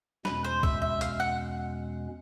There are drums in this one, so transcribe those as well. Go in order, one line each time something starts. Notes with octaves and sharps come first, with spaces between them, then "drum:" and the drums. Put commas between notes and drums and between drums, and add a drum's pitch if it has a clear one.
E2 B2 G#3 C#4 B4, drum: snare
C5
E5, drum: kick
E5
F5, drum: hi-hat
F#5